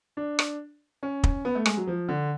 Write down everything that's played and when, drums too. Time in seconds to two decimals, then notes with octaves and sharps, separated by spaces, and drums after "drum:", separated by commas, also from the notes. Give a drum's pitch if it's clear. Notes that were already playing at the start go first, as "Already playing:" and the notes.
0.17 D4
0.39 drum: rim click
1.03 C#4
1.24 drum: kick
1.45 B3
1.55 A3
1.66 G#3, drum: rim click
1.77 F#3
1.87 F3
2.08 D3